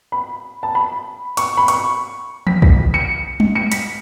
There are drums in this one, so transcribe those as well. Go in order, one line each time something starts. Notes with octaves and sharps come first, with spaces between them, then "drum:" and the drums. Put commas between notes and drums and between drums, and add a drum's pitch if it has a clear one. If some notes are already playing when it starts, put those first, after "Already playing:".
B5
A5
B5
C#6, drum: hi-hat
B5
C#6, drum: hi-hat
B6, drum: tom E3
B6, drum: kick
C#7
drum: tom G3
C#7
B6, drum: hi-hat